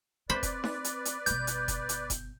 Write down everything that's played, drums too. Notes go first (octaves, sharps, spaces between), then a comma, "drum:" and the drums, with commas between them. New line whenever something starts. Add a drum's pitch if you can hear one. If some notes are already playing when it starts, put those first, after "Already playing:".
C4 B4 C5 D5 B5
drum: kick F1, hi-hat
drum: snare D#4
drum: hi-hat
drum: hi-hat
G1 B2 G6, drum: hi-hat
drum: hi-hat
drum: kick F1, hi-hat
drum: hi-hat
drum: kick F1, hi-hat